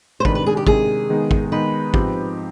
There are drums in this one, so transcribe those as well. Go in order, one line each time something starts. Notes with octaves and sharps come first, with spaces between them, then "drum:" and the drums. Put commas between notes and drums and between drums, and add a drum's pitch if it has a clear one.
C5
C3 D#3 G#3 D4 B4, drum: kick
B4
G#4
G4
C3 D#3 G#3 D4 G#4, drum: kick
D#3 G#3 B3 D#4
drum: kick
D#3 G#3 B3 D#4 B4
G#2 F3 C4 D#4 G4, drum: kick